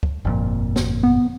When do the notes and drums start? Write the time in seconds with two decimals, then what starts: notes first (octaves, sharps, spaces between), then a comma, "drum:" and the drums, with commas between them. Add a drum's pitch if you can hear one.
0.03 drum: kick C#2
0.25 G1 F2 A#2
0.76 drum: snare
1.03 B3